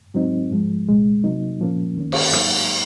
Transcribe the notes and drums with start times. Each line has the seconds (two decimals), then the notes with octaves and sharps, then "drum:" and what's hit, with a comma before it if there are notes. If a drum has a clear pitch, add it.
0.14 G#2 F#3 C4 D#4
0.50 G#2 F3 G#3
0.87 C2 A#2 G#3
1.24 C3 F#3 A#3 D#4
1.60 A#2 F3 A#3 C#4
1.96 D#2 D#3 A#3 C#4
2.12 drum: cymbal
2.33 G#2 F#3 A#3 D#4, drum: rim click